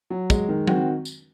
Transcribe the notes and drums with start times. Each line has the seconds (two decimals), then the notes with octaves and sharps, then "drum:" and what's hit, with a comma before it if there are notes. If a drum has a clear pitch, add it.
0.10 F#3
0.30 G#3, drum: kick, tambourine
0.49 D#3
0.67 C4 F#4, drum: tom F#3
1.05 drum: tambourine